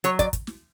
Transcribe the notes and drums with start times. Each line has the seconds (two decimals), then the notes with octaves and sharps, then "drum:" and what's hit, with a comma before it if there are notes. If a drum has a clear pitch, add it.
0.04 F#3 C#5, drum: hi-hat
0.19 D5, drum: kick, hi-hat
0.33 drum: kick, hi-hat
0.47 drum: snare